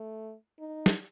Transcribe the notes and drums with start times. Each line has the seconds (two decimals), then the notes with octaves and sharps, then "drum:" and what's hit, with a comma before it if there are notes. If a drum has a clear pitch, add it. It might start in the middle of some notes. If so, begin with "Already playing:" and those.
Already playing: A3
0.59 D#4
0.86 drum: snare